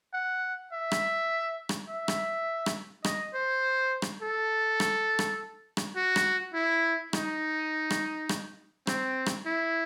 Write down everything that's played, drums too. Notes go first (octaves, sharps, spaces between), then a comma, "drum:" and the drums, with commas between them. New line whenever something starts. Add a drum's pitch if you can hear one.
F#5
E5
drum: rim click
drum: rim click
E5
drum: rim click
drum: rim click
D#5, drum: rim click
C5
drum: rim click
A4
drum: rim click
drum: rim click
drum: rim click
F#4
drum: rim click
E4
D#4, drum: rim click
drum: rim click
drum: rim click
C4, drum: rim click
drum: rim click
E4